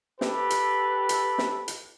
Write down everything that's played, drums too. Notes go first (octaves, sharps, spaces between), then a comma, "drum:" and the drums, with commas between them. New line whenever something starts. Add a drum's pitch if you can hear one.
G4 A4 B4, drum: snare
drum: hi-hat
drum: hi-hat
drum: snare
drum: hi-hat